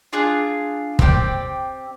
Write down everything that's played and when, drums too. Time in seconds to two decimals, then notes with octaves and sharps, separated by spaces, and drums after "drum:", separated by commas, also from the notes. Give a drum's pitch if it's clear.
0.13 D4 F4 G#4
0.99 C4 G4 D5 G5, drum: kick